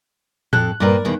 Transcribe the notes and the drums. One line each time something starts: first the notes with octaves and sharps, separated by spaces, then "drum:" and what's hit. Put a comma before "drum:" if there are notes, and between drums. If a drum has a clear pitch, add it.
F2 A4 F#6, drum: tom A2
G2 A#2 A#4 B4 D5
E2 B2 D#3